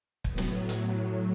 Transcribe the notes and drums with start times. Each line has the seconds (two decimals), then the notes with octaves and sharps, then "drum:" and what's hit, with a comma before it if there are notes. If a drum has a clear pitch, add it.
0.24 A2 F#3 B3, drum: kick
0.38 drum: snare
0.69 drum: hi-hat